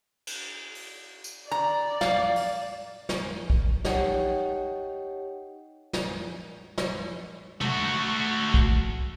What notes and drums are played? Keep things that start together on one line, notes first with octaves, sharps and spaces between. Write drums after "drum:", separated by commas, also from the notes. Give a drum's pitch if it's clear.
drum: cymbal
drum: open hi-hat
drum: tambourine
D5 A#5
F5, drum: snare
drum: open hi-hat
drum: snare
drum: kick
D#4 G4 C#5 D#5 F#5 G5, drum: snare
drum: snare
drum: snare
A3 F#4, drum: tom
drum: kick